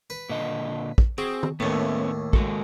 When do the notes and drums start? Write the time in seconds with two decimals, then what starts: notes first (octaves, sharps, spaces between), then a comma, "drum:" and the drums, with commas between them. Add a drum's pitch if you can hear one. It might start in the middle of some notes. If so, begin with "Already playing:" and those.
0.10 B4
0.29 A#2 D3 D#5
0.98 drum: kick
1.18 C4 F#4 G#4
1.43 drum: tom D#3
1.60 D#2 A2 A3 B3 C#4
2.33 G#3 F#4 A4, drum: kick